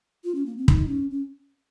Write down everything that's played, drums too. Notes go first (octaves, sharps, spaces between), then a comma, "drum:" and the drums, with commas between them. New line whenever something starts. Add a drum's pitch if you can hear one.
F4
C#4
A#3
C4
D#4, drum: kick
C#4
C#4